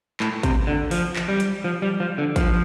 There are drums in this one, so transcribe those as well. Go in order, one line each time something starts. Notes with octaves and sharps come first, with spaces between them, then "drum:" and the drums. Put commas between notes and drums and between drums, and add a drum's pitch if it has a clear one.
A2, drum: clap
C3, drum: kick, hi-hat
D3
F3, drum: open hi-hat
drum: clap
G3
drum: hi-hat
F3
G3
F3
D3
F3, drum: kick, hi-hat